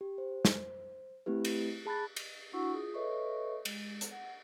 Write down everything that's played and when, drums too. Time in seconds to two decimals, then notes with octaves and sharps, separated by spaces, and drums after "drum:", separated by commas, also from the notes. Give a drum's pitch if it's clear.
0.01 G4
0.18 C5
0.45 drum: snare
1.26 A3 C4 E4 G4 B4
1.45 drum: cymbal
1.86 G#4 A5 B5 F#6 A6
2.16 drum: cymbal
2.52 D4 E4 F#4 F#5 C#6 E6
2.72 F4 G#4 D#6
2.94 A4 B4 C#5 D#5 E5 C#6
3.65 G#3, drum: cymbal
4.01 drum: hi-hat
4.11 F#5